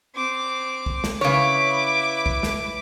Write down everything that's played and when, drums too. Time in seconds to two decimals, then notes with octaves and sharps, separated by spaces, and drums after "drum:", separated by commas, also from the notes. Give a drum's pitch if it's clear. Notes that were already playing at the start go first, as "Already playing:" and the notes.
0.15 C4 D6
0.86 drum: kick B1
1.04 drum: snare
1.21 C#3 E4 B4 C#5 D6
2.26 drum: kick B1
2.43 drum: snare